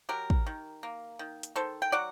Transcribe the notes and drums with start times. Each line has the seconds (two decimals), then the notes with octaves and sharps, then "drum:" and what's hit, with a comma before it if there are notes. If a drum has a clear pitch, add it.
0.09 F#3 G4 A#4
0.30 drum: kick
0.46 D#3
0.83 A#3
1.19 D#3
1.43 drum: hi-hat
1.56 D#3 A4 C5
1.82 G5
1.92 F#3 D5 F#5